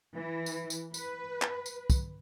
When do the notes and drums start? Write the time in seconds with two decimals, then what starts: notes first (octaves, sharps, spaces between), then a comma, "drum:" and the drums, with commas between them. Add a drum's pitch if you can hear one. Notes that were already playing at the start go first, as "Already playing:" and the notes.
0.15 E3
0.46 drum: tambourine
0.70 drum: tambourine
0.94 B4, drum: tambourine
1.42 drum: clap
1.66 drum: tambourine
1.90 drum: kick, tambourine